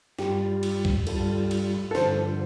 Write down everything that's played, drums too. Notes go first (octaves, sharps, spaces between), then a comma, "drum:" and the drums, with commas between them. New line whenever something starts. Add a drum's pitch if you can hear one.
G2 G3 F4 G4, drum: snare
drum: cymbal
drum: kick C2
G2 G3 F4 A4, drum: cymbal
drum: cymbal
A4
G2 D3 F3 C5, drum: snare